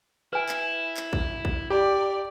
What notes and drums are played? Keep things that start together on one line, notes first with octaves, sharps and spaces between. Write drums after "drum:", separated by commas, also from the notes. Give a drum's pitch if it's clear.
E4 B4 G#5
drum: clap
drum: clap
drum: kick
drum: kick
G4 D5